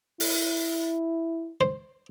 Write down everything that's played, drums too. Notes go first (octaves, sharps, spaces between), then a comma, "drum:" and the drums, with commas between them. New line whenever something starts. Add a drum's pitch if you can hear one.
E4, drum: open hi-hat
C5